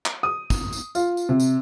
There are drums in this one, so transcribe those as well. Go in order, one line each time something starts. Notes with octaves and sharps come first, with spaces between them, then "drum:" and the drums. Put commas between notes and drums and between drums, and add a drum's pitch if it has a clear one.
drum: clap
D#6
drum: kick, tambourine
drum: tambourine
F4, drum: tambourine
drum: tambourine
C3
drum: tambourine